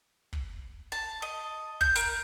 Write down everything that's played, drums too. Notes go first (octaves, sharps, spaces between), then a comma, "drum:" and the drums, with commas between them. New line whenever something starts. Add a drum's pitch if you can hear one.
drum: kick
A5
D#5
G6, drum: kick
A#4, drum: hi-hat